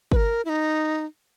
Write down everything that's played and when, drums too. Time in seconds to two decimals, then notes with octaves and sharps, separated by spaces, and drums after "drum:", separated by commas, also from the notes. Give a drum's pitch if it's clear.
0.12 B4, drum: kick G1
0.16 A#4
0.45 E4
0.49 D#4